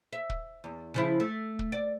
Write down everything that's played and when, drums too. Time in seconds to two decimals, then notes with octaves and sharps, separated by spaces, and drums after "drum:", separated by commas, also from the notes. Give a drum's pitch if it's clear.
0.13 E5
0.30 drum: kick
0.64 E2
0.94 C#3 F3 E4
1.20 A3
1.59 drum: kick
1.72 D5